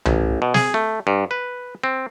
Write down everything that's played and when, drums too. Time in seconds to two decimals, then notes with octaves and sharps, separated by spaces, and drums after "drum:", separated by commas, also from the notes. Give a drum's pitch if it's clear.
0.06 A1, drum: tom C2
0.42 B2
0.54 G#4, drum: snare
0.74 A3
1.07 G2
1.31 B4
1.84 C4